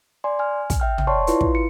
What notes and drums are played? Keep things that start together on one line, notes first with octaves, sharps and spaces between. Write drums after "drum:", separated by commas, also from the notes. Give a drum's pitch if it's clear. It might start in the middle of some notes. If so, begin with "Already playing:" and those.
D5 G#5 C6
G#5 F6
drum: kick, hi-hat
E5 G5 F6
drum: tom
C#5 D5 A5 C6 C#6
E4 F4 B4 C6, drum: hi-hat
drum: kick
C#7